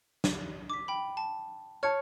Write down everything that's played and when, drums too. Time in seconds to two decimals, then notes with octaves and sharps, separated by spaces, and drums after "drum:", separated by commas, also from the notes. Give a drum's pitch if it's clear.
0.24 drum: snare
0.70 D6 B6
0.88 G5 B5
1.17 A5
1.83 C#5 A5 F6 G#6 C#7